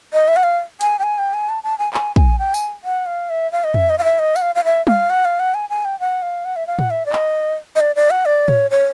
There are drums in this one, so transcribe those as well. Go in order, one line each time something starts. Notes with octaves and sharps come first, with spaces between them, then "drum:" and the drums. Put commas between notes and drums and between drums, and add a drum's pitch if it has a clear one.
D#5
E5
F#5
F5
G#5, drum: hi-hat
G5
G#5
G5
G#5
A5
A5
G#5
G#5, drum: clap
G#5, drum: kick
G5
G#5, drum: tambourine
F#5
F5
E5
F5
D#5
E5, drum: tom F2
D#5
F5
E5
D#5
F#5, drum: tambourine
F5
F5
E5
F5, drum: tom
F#5
F5
F#5
G#5
G#5
G5
F#5
F5
F#5
E5
F5
F#5, drum: tom A2
E5
D5
D#5, drum: clap
D#5
D5
D5
F#5
D5
C#5, drum: tom A2
C#5